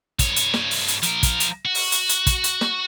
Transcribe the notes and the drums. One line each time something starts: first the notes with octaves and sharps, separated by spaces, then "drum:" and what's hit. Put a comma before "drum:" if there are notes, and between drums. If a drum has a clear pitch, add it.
G2 C#5, drum: kick, hi-hat
drum: hi-hat
drum: snare
drum: open hi-hat
drum: hi-hat
F3 A#4, drum: hi-hat
drum: kick, hi-hat
drum: hi-hat
F#4
drum: open hi-hat
drum: hi-hat
drum: hi-hat
drum: kick, hi-hat
drum: hi-hat
drum: snare